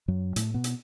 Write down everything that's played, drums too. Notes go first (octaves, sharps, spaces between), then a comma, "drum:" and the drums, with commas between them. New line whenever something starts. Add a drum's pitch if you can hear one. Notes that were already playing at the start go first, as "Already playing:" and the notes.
F#2 F#3
A2 A3, drum: hi-hat
B2 B3
drum: hi-hat